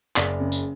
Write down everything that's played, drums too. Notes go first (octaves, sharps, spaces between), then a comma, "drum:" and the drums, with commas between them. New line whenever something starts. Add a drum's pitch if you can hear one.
F#1 D5, drum: clap
C#3
drum: tambourine